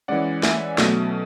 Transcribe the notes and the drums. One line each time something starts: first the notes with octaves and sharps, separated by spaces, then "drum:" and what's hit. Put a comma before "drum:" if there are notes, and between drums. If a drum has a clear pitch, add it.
E3 G#3 C#4 D5 F#5
E5 G#5, drum: snare
B2 F#3 A3, drum: snare